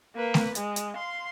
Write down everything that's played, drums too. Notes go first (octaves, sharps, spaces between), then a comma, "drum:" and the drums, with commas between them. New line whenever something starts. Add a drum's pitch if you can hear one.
A#3 B4
drum: snare A3
G#3, drum: hi-hat
drum: hi-hat
F5 C6